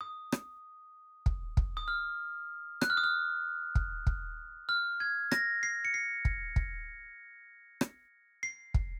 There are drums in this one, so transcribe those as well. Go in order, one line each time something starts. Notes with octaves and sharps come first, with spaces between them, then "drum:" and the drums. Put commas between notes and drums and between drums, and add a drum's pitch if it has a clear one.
D#6
drum: rim click
drum: kick
drum: kick
D#6
F6
F#6, drum: rim click
F6
D#6
F6
drum: kick
drum: kick
F6
G#6
A#6, drum: rim click
C7
C#7
C7
drum: kick
drum: kick
drum: rim click
C7
drum: kick